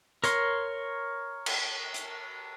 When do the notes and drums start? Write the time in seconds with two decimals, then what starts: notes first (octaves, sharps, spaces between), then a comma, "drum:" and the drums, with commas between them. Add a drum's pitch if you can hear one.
0.24 A#4 C#5 C6, drum: hi-hat
1.46 drum: cymbal
1.94 drum: hi-hat